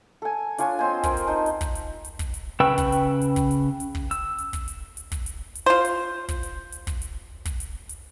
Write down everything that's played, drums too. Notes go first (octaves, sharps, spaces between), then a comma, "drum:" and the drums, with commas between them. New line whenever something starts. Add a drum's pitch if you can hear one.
A4 G#5
D4 F4 C#5 G#5, drum: hi-hat
C4 C5 D#5 G#5
A#4 C5, drum: kick, hi-hat
drum: hi-hat
D#4 C5 A5
drum: hi-hat
drum: kick, hi-hat
drum: hi-hat
drum: hi-hat
drum: kick, hi-hat
drum: hi-hat
C#3 B4 G5 C#6 E6
drum: kick, hi-hat
drum: hi-hat
drum: hi-hat
drum: kick, hi-hat
drum: hi-hat
drum: hi-hat
drum: kick
E6, drum: hi-hat
drum: hi-hat
drum: kick, hi-hat
drum: hi-hat
drum: hi-hat
drum: kick, hi-hat
drum: hi-hat
drum: hi-hat
F4 C5
drum: hi-hat
drum: kick, hi-hat
drum: hi-hat
drum: hi-hat
drum: kick, hi-hat
drum: hi-hat
drum: kick, hi-hat
drum: hi-hat
drum: hi-hat